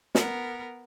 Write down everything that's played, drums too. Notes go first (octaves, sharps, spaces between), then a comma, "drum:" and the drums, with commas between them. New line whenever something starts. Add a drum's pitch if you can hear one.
B3 A#4, drum: snare